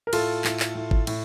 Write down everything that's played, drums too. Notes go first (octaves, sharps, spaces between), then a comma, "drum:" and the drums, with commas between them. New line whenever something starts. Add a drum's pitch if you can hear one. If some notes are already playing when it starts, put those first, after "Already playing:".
A#4
A2 F4 A4, drum: cymbal
A2, drum: clap
drum: clap
A2
drum: kick
A2, drum: cymbal